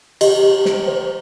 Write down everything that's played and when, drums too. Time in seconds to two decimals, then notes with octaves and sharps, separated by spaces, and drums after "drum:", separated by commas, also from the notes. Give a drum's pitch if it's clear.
0.21 G4 D#5, drum: cymbal
0.43 G4
0.65 C5, drum: snare
0.88 C5